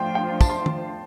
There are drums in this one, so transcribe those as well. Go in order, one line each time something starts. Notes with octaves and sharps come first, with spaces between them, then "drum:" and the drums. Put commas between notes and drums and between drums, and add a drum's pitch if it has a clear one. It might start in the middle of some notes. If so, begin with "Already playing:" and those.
Already playing: F3 A3 D4 F4 C5 G5
G5
A5, drum: kick, tambourine
C6
drum: tom